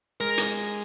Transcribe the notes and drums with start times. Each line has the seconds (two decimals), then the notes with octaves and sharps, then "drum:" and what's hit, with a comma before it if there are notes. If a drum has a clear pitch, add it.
0.20 G#3 A#4
0.38 drum: hi-hat